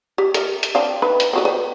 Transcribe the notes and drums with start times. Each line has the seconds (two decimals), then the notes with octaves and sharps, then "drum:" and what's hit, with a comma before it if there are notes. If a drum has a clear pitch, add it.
0.18 G4
0.34 A#4 E5, drum: hi-hat
0.63 drum: hi-hat
0.75 C4 D4 F5
1.02 D#4 B4 B5
1.20 drum: hi-hat
1.33 C4 F#4 B4
1.45 B4 C5